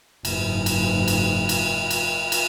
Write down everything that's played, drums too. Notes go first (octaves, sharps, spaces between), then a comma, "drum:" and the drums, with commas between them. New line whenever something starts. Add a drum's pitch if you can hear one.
F#1 G#2, drum: cymbal
drum: cymbal
drum: cymbal
drum: cymbal
drum: cymbal
drum: cymbal